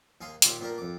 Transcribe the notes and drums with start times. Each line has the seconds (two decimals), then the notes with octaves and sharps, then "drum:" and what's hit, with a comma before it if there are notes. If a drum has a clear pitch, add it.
0.21 D#2 G#4 F5 C6
0.42 D#2 A#2 F4 G4 G5, drum: hi-hat
0.60 A#2 B3 D4 G4 A#4
0.78 F2 D6